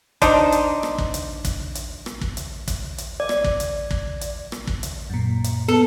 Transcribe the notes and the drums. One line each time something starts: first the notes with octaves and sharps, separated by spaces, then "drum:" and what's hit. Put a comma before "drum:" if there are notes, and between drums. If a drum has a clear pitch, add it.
D4 D#4 C5, drum: kick, hi-hat
drum: hi-hat
drum: rim click
drum: kick
drum: hi-hat
drum: kick, hi-hat
drum: hi-hat
drum: rim click
drum: kick
drum: hi-hat
drum: kick, hi-hat
drum: hi-hat
D5
drum: rim click
drum: kick
drum: hi-hat
drum: kick
drum: hi-hat
drum: rim click
drum: kick
drum: hi-hat
F#2 A#2
drum: hi-hat
B3 A4